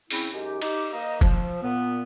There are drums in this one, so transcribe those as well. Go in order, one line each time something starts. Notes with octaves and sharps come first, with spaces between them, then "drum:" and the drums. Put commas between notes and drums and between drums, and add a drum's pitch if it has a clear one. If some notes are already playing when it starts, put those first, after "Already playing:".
C#3 C4 E4, drum: open hi-hat
F#2 G#3 D#4 G4
D#4 G4, drum: cymbal
A#3 D#4 D#5
F3, drum: kick
A#2 B3